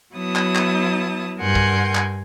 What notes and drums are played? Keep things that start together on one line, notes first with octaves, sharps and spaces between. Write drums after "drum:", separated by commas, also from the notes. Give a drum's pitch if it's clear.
F#3 B3 E4 A5 D#6
drum: clap
drum: clap
G2 A#4 F#5 G#5 C6 G6
drum: kick
drum: clap